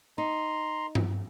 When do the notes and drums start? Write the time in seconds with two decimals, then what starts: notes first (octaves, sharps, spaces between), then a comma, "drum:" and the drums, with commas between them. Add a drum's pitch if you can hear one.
0.18 D#4 A#5 C6
0.95 drum: tom G2